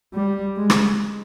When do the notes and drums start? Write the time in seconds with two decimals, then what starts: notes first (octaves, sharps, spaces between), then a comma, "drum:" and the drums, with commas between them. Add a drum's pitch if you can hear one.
0.14 G3
0.57 G#3
0.70 drum: rim click